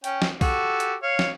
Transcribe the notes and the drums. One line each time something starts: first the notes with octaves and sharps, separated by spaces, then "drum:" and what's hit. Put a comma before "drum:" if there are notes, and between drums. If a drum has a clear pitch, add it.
C#4 G5, drum: hi-hat
drum: snare
F#4 G4 A4, drum: kick B1, open hi-hat
drum: hi-hat
C#5 F5
drum: snare